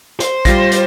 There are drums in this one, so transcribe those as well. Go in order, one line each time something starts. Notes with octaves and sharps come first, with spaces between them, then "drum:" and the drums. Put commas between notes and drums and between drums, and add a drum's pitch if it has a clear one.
C5, drum: hi-hat
G3 F4 A#6, drum: kick, hi-hat
drum: hi-hat